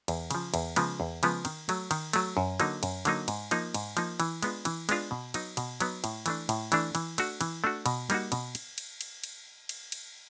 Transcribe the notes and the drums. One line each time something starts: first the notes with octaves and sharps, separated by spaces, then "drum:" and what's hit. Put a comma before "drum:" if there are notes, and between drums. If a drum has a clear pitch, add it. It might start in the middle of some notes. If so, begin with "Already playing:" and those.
E2, drum: cymbal
C#3 F3, drum: cymbal
E2, drum: cymbal
C#3 F3 G#3 B3, drum: cymbal
E2
C#3 F3 G#3 B3, drum: cymbal
D#3, drum: cymbal
F#3 A3, drum: cymbal
D#3, drum: cymbal
F#3 A3, drum: cymbal
F#2
D3 F#3 A#3 D#4, drum: cymbal
F#2, drum: cymbal
D3 F#3 A#3 D#4, drum: cymbal
G#2, drum: cymbal
F3 A#3 D#4, drum: cymbal
G#2, drum: cymbal
F3 A#3 D#4, drum: cymbal
E3, drum: cymbal
G#3 B3 D4 F4, drum: cymbal
E3, drum: cymbal
G#3 B3 D4 F4, drum: cymbal
B2
F#3 B3 D#4, drum: cymbal
B2, drum: cymbal
F#3 B3 D#4, drum: cymbal
A2, drum: cymbal
E3 A3 D4, drum: cymbal
A2, drum: cymbal
E3 A3 D4, drum: cymbal
E3, drum: cymbal
A3 D4 F#4, drum: cymbal
E3, drum: cymbal
A3 D4 F#4
B2, drum: cymbal
G3 A#3 D#4 F#4, drum: cymbal
B2, drum: cymbal
drum: cymbal
drum: cymbal
drum: cymbal
drum: cymbal
drum: cymbal
drum: cymbal